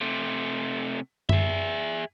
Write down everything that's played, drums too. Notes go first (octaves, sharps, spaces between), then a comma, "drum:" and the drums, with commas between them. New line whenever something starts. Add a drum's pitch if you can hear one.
C3 A3
G#4 E5, drum: tom F#2